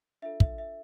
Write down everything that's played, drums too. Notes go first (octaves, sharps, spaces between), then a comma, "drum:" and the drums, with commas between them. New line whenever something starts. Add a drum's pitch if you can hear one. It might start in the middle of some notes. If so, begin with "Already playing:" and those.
D4 F4 A4 E5
E5, drum: kick
E5